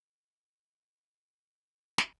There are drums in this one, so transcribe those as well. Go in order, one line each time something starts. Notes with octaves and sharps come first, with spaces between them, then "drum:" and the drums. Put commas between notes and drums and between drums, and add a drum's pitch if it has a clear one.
E5
E5
drum: snare